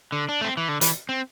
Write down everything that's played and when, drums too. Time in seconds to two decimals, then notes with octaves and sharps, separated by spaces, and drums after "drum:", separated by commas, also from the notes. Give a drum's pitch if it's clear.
0.12 D3
0.29 D4
0.41 A3
0.44 C4
0.57 E3
0.68 D3
0.81 E3, drum: hi-hat
1.09 C4